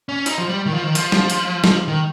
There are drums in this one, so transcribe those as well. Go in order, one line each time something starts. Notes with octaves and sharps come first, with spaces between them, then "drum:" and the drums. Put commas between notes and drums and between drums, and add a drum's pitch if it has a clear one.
C#4
D#4, drum: hi-hat
F3
G3
D#3
F3
D#3
F3, drum: hi-hat
drum: snare
drum: hi-hat
F3, drum: snare
D#3